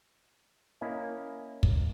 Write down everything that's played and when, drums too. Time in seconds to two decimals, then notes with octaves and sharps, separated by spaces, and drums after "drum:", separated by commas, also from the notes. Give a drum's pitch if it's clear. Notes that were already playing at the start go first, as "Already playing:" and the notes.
0.81 A#3 C#4 E4 D#5
1.63 drum: kick